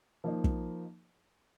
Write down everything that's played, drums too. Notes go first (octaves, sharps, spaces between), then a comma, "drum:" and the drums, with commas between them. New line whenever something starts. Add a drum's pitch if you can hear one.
F3 A#3 D#4
drum: kick